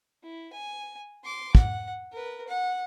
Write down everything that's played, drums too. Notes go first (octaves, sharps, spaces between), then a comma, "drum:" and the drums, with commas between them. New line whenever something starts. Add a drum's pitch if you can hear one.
E4
G#5
C6 D6
F#5, drum: kick
A#4 B4
F#5